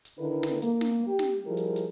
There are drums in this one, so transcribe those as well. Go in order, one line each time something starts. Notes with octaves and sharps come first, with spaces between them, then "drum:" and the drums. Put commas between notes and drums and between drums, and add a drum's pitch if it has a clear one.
drum: hi-hat
D3 D#3 E4 A#4 B4
drum: snare
A#3, drum: hi-hat
drum: snare
G4
drum: snare
F3 G3 E4 G#4 A#4
drum: hi-hat
drum: hi-hat